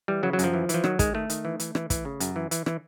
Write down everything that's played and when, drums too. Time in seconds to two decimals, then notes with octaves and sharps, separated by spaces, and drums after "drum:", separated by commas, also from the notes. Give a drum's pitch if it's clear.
0.08 E3 G3
0.23 C#3 F#3
0.33 F#3
0.39 F#2 F3, drum: hi-hat
0.54 E3
0.69 E3, drum: hi-hat
0.74 F3
0.84 D#3 F#3, drum: rim click
0.99 D#3 G#3, drum: kick, hi-hat
1.14 D#3 A3
1.30 D#3, drum: hi-hat
1.45 E3
1.60 E3, drum: hi-hat
1.75 E3, drum: rim click
1.90 E3, drum: kick, hi-hat
2.05 C#3
2.20 F#2, drum: hi-hat
2.36 E3
2.51 E3, drum: hi-hat
2.66 E3, drum: rim click